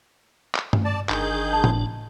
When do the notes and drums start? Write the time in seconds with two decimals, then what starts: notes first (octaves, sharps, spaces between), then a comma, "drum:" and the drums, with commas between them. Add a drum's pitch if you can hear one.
0.55 drum: clap
0.73 drum: tom G2
0.85 D5 A5
1.09 G1 D#3 D4 G#4 G6, drum: clap
1.53 A5
1.64 drum: tom A2